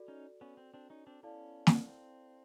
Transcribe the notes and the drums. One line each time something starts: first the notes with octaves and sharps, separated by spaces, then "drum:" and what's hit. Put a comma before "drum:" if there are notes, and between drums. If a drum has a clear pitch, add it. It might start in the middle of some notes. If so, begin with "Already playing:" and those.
Already playing: F#4 A4 D5
C#4 D#4
B3 C#4
C4
C4 D4
C#4 D#4
C4 D4
B3 C#4 E4 A4 D5 F5 A5
drum: snare
C4